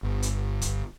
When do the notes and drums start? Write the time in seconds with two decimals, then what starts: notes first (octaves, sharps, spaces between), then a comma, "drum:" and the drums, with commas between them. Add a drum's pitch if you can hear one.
0.03 G1
0.22 drum: hi-hat
0.62 drum: kick C#1, hi-hat